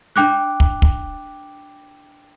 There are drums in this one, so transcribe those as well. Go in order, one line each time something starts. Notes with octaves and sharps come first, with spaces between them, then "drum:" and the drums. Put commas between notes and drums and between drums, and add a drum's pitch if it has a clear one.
D4 G5 D6 F#6
drum: kick
drum: kick